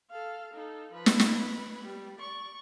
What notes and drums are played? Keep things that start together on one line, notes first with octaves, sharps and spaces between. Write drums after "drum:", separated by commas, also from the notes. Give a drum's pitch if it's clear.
A4 F5
D#4 A4
F3 B4
drum: snare
drum: snare
B4
G3
D5 C#6